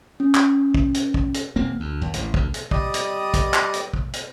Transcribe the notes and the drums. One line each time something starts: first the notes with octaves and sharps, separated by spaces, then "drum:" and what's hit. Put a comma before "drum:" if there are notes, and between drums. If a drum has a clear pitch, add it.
C#4
drum: clap
drum: kick
drum: hi-hat
drum: kick
drum: hi-hat
E1 A#3 C4
D2
D#2
A1, drum: hi-hat
D2, drum: kick
drum: hi-hat
G3 D5 D#5 D#6, drum: kick
drum: hi-hat
drum: kick, hi-hat
drum: clap
drum: hi-hat
drum: kick
drum: hi-hat